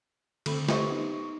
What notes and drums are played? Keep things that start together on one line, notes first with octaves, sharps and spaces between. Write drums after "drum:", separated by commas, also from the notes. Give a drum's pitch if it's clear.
D3 A3 C4 B5, drum: cymbal
G4 B4 C5 D#5 E5 C#6, drum: snare
B3 D#4
D#4